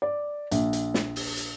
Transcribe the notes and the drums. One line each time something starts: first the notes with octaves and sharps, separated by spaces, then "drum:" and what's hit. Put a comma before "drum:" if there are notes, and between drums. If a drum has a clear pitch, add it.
D5
A#1, drum: hi-hat
drum: hi-hat
drum: snare
drum: open hi-hat
drum: hi-hat